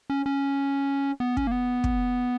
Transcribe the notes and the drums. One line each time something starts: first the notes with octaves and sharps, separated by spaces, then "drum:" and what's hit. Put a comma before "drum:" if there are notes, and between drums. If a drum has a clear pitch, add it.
C#4
C#4
B3
C#4, drum: kick
A#3
B3
drum: kick